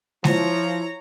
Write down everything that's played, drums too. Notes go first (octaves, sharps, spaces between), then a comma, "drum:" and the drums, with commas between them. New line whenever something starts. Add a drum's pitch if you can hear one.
F3 E4 C#5 A#5, drum: snare G#3